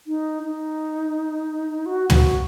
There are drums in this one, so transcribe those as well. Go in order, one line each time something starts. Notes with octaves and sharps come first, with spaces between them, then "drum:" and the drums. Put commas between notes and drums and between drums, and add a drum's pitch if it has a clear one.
D#4
D#4
F#4
F#4, drum: tom